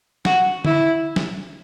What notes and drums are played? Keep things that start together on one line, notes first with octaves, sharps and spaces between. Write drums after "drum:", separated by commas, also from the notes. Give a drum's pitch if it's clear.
F#4, drum: snare F#3
E4, drum: tom D3
drum: snare F#3